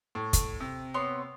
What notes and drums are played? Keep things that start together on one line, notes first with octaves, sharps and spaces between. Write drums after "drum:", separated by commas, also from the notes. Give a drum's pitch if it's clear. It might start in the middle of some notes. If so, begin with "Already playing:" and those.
A2
drum: kick, hi-hat
C3
B3 C#5 C6